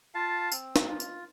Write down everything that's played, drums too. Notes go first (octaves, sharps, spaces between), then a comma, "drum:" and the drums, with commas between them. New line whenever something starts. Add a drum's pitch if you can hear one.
F4 F5 A5
C4, drum: tambourine
drum: snare
F4
drum: tambourine